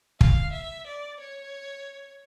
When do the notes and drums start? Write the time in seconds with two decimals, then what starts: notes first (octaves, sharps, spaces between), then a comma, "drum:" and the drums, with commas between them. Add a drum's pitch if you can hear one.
0.21 F5, drum: kick
0.53 E5
0.87 D5
1.20 C#5